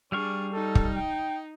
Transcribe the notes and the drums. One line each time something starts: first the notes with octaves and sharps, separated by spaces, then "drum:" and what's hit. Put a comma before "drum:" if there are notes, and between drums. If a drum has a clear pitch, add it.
G3 D4 G#4 F5 C#6
D#4 A4
drum: kick
G5